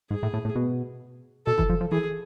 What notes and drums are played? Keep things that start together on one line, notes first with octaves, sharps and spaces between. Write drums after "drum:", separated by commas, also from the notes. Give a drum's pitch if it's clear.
G#2 G#4
A2
A2
A2
B2
B2 A4
E3, drum: kick F#1
F3
F3
E3 G#4